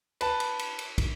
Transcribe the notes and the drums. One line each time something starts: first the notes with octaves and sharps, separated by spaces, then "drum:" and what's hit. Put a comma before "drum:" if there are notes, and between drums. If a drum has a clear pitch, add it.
B4 A5, drum: cymbal
drum: cymbal
drum: cymbal
drum: cymbal
drum: kick, cymbal